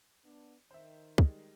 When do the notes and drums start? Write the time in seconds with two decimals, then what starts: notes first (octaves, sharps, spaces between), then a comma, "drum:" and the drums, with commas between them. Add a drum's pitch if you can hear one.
0.24 B3 D4
0.71 D#3 C5 E5
1.18 G3 G#3 D#4, drum: kick